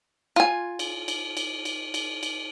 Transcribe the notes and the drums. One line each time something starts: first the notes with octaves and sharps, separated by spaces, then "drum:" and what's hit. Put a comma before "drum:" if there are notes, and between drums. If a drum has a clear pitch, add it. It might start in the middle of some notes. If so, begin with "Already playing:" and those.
F4 G#5
drum: cymbal
drum: cymbal
drum: cymbal
drum: cymbal
drum: cymbal
drum: cymbal